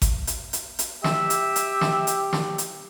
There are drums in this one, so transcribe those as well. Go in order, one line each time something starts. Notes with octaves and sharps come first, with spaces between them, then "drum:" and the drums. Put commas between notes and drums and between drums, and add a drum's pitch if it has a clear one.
drum: kick G#1, hi-hat
drum: hi-hat
drum: hi-hat
drum: hi-hat
G4 E5, drum: snare
drum: hi-hat
drum: hi-hat
drum: snare
drum: hi-hat
drum: snare
drum: hi-hat